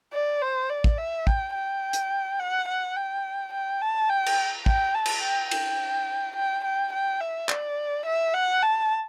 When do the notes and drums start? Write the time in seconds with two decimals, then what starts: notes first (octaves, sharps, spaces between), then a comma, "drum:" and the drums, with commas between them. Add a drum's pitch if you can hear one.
0.13 D5
0.42 C5
0.69 D5
0.84 drum: kick
0.98 E5
1.27 G5, drum: kick
1.54 G5
1.93 drum: hi-hat
2.40 F#5
2.68 F#5
2.96 G5
3.53 G5
3.81 A5
4.10 G5
4.26 drum: cymbal
4.66 G5, drum: kick
4.94 A5
5.06 drum: cymbal
5.22 G5
5.51 G5, drum: cymbal
6.36 G5
6.64 G5
6.93 G5
7.21 E5
7.49 D5, drum: clap
8.06 E5
8.34 F#5
8.62 A5